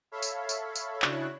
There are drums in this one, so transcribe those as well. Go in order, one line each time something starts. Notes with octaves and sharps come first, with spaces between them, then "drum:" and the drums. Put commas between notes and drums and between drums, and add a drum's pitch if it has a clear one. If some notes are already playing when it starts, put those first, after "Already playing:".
A4 C#5 E5 F5 B5
drum: tambourine
drum: tambourine
drum: tambourine
C#3 D4 E4 F#4 C#5 F#6, drum: clap